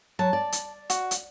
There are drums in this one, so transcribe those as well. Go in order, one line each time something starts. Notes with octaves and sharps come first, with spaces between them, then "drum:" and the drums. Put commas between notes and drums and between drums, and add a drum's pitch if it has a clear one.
F#3 A5
D5
drum: hi-hat
F#4, drum: hi-hat
drum: hi-hat